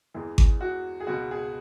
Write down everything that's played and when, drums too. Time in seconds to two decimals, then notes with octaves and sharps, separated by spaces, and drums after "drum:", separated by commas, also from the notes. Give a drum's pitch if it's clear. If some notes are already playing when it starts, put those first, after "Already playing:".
0.14 E2 E3 G#3
0.38 drum: kick G#1
0.61 F#4
1.00 G#4
1.07 C#2 B2 G#3 F#4
1.31 G#4